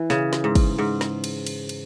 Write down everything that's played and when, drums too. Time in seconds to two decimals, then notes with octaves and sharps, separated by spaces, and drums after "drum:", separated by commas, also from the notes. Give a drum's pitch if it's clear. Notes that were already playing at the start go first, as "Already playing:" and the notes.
Already playing: E3
0.10 C#3, drum: snare
0.33 drum: snare
0.44 G#2
0.55 drum: kick, cymbal
0.79 G#2
1.01 drum: snare
1.24 drum: cymbal
1.47 drum: cymbal
1.69 drum: cymbal